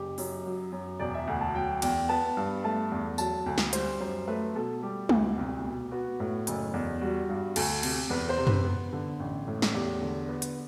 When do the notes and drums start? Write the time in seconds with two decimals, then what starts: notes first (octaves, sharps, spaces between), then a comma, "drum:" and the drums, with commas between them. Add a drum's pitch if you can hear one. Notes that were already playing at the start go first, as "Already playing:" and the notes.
Already playing: F#1 G4
0.18 F#2, drum: open hi-hat
0.46 F#3
0.72 F#2
0.99 E1 D5
1.14 E5
1.27 D2 F#5
1.41 A5
1.54 F#3 G5
1.82 E2 G5, drum: cymbal
2.09 B3 A5
2.37 G2
2.64 A3 A5
2.91 E2
3.18 F#3 A5, drum: tambourine
3.46 D2
3.58 drum: snare
3.73 G3 C5, drum: hi-hat
4.00 F#2 C5
4.27 A3 B4
4.55 B2 A4
4.82 G3 G4
5.09 D2, drum: tom G#3
5.38 C2
5.64 B2
5.91 B3 F#4
6.20 A2
6.47 F#1, drum: hi-hat
6.74 E2
7.01 G3 F#4
7.29 G2
7.56 D2 A4, drum: cymbal
7.83 C3, drum: cymbal
8.10 E2 B4
8.29 C5
8.37 C3
8.47 B4, drum: tom F#2
8.65 B3
8.92 D3
9.19 A1
9.47 A2
9.62 drum: snare
9.74 E2 G4
10.01 D3
10.29 B3
10.42 drum: hi-hat